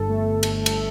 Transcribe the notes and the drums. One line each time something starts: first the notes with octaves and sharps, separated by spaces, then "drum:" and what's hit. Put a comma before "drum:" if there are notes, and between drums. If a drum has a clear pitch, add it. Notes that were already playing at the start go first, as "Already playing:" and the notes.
Already playing: G1 A4
A3
drum: cymbal
drum: cymbal